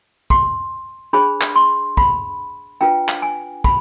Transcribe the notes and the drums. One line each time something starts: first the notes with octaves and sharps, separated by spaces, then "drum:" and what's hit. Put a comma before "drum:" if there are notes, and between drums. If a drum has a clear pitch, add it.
C6, drum: kick
D4 G#4 C5 B5
drum: clap
C6
B5, drum: kick
D4 F4 B4 G5
drum: clap
G#5
B5, drum: kick